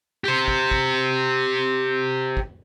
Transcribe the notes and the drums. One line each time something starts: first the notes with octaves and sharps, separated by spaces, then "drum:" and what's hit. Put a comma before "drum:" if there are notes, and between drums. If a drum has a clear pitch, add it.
G4 C5
drum: kick
drum: kick
drum: kick